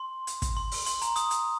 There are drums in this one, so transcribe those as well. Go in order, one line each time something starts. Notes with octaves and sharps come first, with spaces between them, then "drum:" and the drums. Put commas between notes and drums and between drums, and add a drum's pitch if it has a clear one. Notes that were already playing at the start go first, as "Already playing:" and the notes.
Already playing: C6
drum: hi-hat
drum: kick, hi-hat
C6
drum: open hi-hat
C6, drum: hi-hat
A#5, drum: hi-hat
D#6, drum: hi-hat
drum: hi-hat